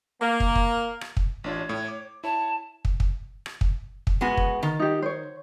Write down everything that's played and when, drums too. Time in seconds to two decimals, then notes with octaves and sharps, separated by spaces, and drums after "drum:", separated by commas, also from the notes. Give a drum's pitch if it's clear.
0.21 A#3
0.40 drum: kick
0.55 drum: kick
1.01 drum: rim click
1.17 drum: kick
1.44 A1 D4 F4 C#5
1.69 A2
1.88 D6
2.24 E4 C#5 A5
2.85 drum: kick
3.00 drum: kick
3.46 drum: rim click
3.61 drum: kick
4.07 drum: kick
4.21 G#3 B3 F#4
4.37 drum: kick
4.63 D#3
4.79 D#4 G4
5.02 C5 C#5